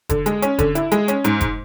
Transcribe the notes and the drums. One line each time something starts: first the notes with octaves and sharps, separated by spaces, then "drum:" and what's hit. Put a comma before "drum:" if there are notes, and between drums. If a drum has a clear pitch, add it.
D3, drum: kick F1, hi-hat
G#3, drum: hi-hat
C#4, drum: hi-hat
D3, drum: kick F1, hi-hat
E4, drum: hi-hat
G#3, drum: hi-hat
C#4, drum: hi-hat
G#2, drum: hi-hat
drum: kick F1, hi-hat